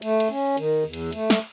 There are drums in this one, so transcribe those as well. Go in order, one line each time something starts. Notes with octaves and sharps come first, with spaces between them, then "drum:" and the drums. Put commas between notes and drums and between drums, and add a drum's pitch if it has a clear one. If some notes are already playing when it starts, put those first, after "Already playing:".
A3, drum: cymbal
drum: cymbal
C#4
D#3, drum: cymbal
E2
drum: cymbal
A3, drum: cymbal
drum: snare